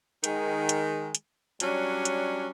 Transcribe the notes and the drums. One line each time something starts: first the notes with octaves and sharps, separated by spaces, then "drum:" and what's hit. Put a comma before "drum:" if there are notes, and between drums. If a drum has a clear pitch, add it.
D#3 G#3, drum: hi-hat
drum: hi-hat
drum: hi-hat
F#3 G3 C#4 D4, drum: hi-hat
drum: hi-hat